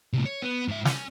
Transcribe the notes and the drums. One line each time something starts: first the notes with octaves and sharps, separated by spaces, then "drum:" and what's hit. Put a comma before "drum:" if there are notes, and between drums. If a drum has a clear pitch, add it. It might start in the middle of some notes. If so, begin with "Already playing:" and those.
A2 C3
C#5
B3
G#2 E5
C#4, drum: snare